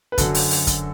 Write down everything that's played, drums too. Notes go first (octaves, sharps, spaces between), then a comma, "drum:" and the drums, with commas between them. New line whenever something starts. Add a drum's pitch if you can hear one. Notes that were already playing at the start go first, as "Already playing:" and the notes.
B4
F#2 D3 F#4 A4, drum: kick, hi-hat
drum: open hi-hat
drum: open hi-hat
drum: kick, hi-hat